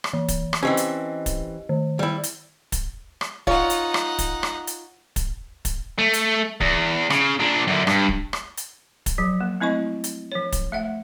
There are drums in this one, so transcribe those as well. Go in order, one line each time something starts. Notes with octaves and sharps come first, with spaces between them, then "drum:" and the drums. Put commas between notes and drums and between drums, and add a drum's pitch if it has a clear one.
drum: rim click
E3
drum: kick, hi-hat
drum: rim click
E3 C4 C#4 G4 D#5
drum: hi-hat
drum: kick, hi-hat
D#3
G3 E4
drum: hi-hat
drum: kick, hi-hat
drum: rim click
D#4 F4 C#5 F#5, drum: kick
drum: hi-hat
drum: rim click
drum: kick, hi-hat
drum: rim click
drum: hi-hat
drum: kick, hi-hat
drum: kick, hi-hat
A3
drum: hi-hat
E2, drum: kick
C#3, drum: rim click
A#2 D4
F#2 D3
G2, drum: rim click
drum: kick
drum: rim click
drum: hi-hat
drum: kick, hi-hat
F3 F#3
A#3
A3 C4 E4 D#5 C#6
drum: hi-hat
F3 C#5
drum: kick, hi-hat
A3 E5 F#5